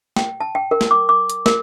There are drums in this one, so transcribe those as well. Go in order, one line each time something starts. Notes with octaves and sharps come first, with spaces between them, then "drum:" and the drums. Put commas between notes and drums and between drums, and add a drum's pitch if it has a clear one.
G5, drum: snare
A5
G5
A#4
drum: snare
D6
D6
drum: hi-hat
A#4, drum: snare